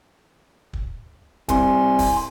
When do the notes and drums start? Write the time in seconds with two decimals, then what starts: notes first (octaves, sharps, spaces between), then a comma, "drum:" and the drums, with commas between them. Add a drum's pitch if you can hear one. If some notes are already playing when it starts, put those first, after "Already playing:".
0.73 drum: kick
1.49 C2 G#5 C6, drum: kick, hi-hat
1.99 drum: kick, open hi-hat